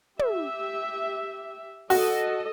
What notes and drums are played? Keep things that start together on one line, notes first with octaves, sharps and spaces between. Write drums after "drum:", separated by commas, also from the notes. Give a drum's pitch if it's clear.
G4 E5, drum: tom
F#4 A4 D#5, drum: open hi-hat